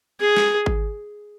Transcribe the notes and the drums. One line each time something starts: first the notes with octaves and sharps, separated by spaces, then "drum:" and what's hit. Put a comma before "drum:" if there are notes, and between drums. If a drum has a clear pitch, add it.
G#4
drum: snare
drum: kick G#1